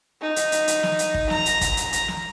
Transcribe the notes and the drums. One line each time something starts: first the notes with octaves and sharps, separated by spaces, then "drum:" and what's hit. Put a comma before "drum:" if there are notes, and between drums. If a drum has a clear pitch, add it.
D#4
drum: hi-hat
drum: hi-hat
drum: hi-hat
drum: snare
drum: hi-hat
drum: kick
A#5, drum: snare
drum: hi-hat
drum: kick, hi-hat
drum: hi-hat
drum: hi-hat
drum: snare